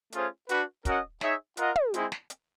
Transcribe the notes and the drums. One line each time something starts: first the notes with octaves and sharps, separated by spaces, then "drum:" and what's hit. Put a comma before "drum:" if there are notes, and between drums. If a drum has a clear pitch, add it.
A3 C#4 F4 G#4 C5, drum: hi-hat
D4 F#4 B4, drum: hi-hat
C#4 F#4 A#4 D#5 F#5, drum: kick, hi-hat
D#4 G#4 C#5 E5, drum: snare
F4 A#4 D#5 F#5, drum: hi-hat
drum: tom
G#3 C4 E4 G#4, drum: hi-hat
drum: snare
drum: hi-hat